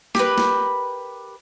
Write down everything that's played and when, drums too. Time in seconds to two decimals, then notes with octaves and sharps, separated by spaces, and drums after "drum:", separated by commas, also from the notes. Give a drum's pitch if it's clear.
0.15 G4 A#4 B4, drum: snare
0.38 drum: snare